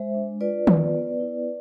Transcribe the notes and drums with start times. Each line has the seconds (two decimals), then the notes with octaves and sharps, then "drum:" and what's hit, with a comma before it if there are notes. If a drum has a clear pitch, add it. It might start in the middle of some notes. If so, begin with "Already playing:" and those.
Already playing: G#3 C5 E5
0.14 D4
0.41 F4 B4 D5
0.67 B3, drum: tom D#3
0.94 B3
1.20 E4